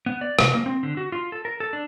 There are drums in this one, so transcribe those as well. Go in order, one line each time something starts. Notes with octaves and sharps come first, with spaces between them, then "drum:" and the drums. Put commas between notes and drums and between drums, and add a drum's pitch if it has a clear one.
B3
D5
C3, drum: rim click
A#3
C4
D3
F#4
F4
A4
A#4
A4
D4